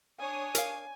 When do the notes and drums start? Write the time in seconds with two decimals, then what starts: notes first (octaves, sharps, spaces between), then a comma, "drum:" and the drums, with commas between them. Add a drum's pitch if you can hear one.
0.19 D4 C#5 G#5 D#6
0.55 A#4 F5, drum: hi-hat